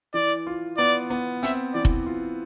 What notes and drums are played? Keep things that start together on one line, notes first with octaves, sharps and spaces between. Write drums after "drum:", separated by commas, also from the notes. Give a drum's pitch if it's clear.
E3 D5
F4
B3 D5
B3
C4 E5, drum: hi-hat
E3 D5
drum: kick F1
F4